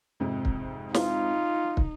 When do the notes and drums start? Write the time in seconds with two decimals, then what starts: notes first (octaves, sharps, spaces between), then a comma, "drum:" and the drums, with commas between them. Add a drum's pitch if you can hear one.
0.20 F2 G#2 C3
0.45 drum: kick
0.94 D#4 F4, drum: snare
1.77 drum: kick